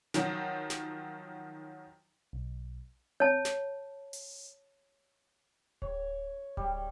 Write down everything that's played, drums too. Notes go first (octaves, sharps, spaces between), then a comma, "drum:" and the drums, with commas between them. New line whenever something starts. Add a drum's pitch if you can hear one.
D#3 F3 F#3, drum: snare
drum: snare
B1
C#5 A5, drum: tom C4
drum: snare
drum: open hi-hat
C#5, drum: kick D1
G3, drum: kick D1